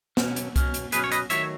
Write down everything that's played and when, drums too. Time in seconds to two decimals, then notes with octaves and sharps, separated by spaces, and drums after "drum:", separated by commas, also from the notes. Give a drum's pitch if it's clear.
0.17 B2 F#3 C#4, drum: snare
0.36 drum: hi-hat
0.56 B2 F#3 C#4, drum: kick C2, hi-hat
0.74 drum: hi-hat
0.92 B2 F#3 C#4 G#4 B4, drum: hi-hat
1.04 C#5
1.12 B4 D#5, drum: hi-hat
1.30 D#3 F#3 A3 C#5 E5, drum: hi-hat